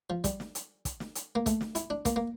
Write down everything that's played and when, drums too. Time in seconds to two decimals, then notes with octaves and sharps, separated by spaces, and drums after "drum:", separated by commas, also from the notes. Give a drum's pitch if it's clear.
0.10 F3
0.24 G3, drum: kick, hi-hat
0.40 drum: snare
0.55 drum: hi-hat
0.85 drum: kick, hi-hat
1.00 drum: snare
1.15 drum: hi-hat
1.35 A#3
1.46 A3, drum: kick, hi-hat
1.61 drum: snare
1.75 E4, drum: hi-hat
1.90 D4
2.05 A#3, drum: kick, hi-hat
2.16 A#3